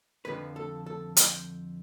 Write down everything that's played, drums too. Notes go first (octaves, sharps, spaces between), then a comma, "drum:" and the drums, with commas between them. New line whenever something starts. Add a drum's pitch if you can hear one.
F2 D3 F3 B4
A4
A4
C5, drum: hi-hat